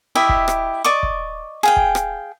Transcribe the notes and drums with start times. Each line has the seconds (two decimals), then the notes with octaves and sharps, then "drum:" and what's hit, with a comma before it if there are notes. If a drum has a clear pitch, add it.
0.15 E4 G4 D#5 E5
0.29 drum: kick
0.48 drum: rim click
0.84 D5 D#5 C#6 D6
1.03 drum: kick
1.63 G#4 F5 G5
1.76 drum: kick
1.95 drum: rim click